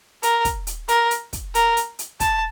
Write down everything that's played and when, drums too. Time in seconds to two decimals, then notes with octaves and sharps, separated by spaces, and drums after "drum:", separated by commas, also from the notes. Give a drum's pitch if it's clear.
0.23 A#4, drum: hi-hat
0.45 drum: kick, hi-hat
0.67 drum: hi-hat
0.88 A#4, drum: hi-hat
1.11 drum: hi-hat
1.33 drum: kick, hi-hat
1.55 A#4, drum: hi-hat
1.77 drum: hi-hat
1.99 drum: hi-hat
2.20 A5, drum: kick, hi-hat